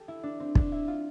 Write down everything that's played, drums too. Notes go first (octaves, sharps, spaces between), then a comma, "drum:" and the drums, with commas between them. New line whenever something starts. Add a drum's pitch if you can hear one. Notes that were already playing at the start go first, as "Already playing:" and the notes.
Already playing: G4 A4
E4
D4
C4
D4, drum: kick
E4
F4